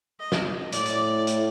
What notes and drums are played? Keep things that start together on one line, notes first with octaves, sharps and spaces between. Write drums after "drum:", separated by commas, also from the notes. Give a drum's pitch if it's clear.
D#5
drum: snare
A2 D5, drum: hi-hat
drum: hi-hat
drum: hi-hat